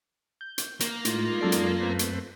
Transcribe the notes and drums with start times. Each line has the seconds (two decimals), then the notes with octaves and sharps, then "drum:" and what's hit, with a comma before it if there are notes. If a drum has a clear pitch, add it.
0.41 G6
0.58 drum: hi-hat
0.80 A#3, drum: hi-hat
1.05 A2 G#3 D#4 F4, drum: hi-hat
1.41 F#2 G#3 D#4 A4 D5 C7
1.52 drum: hi-hat
1.80 A3 C4 B4
1.99 drum: hi-hat